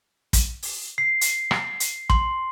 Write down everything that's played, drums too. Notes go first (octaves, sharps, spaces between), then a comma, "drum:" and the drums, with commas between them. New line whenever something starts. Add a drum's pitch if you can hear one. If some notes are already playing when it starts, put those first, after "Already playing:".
drum: kick, hi-hat
drum: open hi-hat
C7
drum: hi-hat
drum: rim click
drum: hi-hat
C6, drum: kick